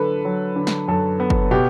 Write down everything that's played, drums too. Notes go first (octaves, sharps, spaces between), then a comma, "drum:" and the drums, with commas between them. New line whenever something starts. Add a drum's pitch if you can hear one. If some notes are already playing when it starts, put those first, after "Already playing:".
Already playing: D3 F#3 A4 B4
F#3
D3
drum: snare
F#2 A4
B3
drum: kick
B2 G4